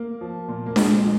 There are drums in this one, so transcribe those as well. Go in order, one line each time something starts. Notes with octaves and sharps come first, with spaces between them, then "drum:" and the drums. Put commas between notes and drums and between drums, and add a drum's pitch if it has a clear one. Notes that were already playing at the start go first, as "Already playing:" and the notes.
Already playing: A#3
F3
A#2
A#3
A#2 G#3, drum: snare D4
F3